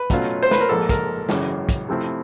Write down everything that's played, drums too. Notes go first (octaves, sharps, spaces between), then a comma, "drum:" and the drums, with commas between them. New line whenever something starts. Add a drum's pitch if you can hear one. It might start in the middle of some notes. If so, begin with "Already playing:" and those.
Already playing: B4
B2 F#3 A3 C#4 F4, drum: kick, hi-hat
C5
B4, drum: snare
A#4
A#1 G#2 F3 A#3 A4
A#4, drum: kick, hi-hat
G#1 F#2 C#3 E3, drum: snare
drum: kick, hi-hat
C3 F3 A3 C4 E4